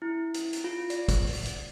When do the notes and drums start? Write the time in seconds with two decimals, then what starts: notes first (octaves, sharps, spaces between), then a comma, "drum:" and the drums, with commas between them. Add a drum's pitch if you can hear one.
0.02 E4
0.34 drum: hi-hat
0.53 drum: hi-hat
0.64 F4
0.90 D5, drum: hi-hat
1.08 drum: kick, hi-hat
1.27 drum: open hi-hat
1.45 drum: hi-hat